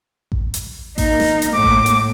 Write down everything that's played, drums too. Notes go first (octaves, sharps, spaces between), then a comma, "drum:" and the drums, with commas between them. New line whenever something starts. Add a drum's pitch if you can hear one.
drum: kick A1
drum: hi-hat
A#3 D#4 A#4, drum: kick A1, open hi-hat
drum: snare
drum: hi-hat
A2 D6
drum: kick A1
drum: hi-hat